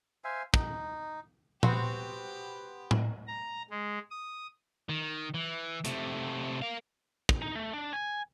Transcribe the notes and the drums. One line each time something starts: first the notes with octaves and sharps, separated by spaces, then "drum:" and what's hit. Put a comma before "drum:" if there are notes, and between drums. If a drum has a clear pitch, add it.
C5 E5 F5 G#5
D#4, drum: kick
B3 C4 F#4 G4 C5, drum: tom A#2
drum: tom A2
A#5
G#3
D#6
D#3
E3
C3 A3, drum: hi-hat
A#4 F5
drum: kick
D#4
A3
D4
G#5